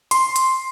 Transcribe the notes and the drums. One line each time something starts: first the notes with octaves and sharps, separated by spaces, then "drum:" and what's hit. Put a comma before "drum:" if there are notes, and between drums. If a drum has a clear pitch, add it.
C6, drum: hi-hat
drum: hi-hat